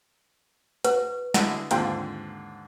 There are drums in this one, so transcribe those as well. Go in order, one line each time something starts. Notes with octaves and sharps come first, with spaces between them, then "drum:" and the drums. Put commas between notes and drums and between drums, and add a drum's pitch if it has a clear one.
F#4 B4, drum: hi-hat
D3 F#3 G#3 E4, drum: snare
D#2 G#2 D3 C4 F4 G5, drum: hi-hat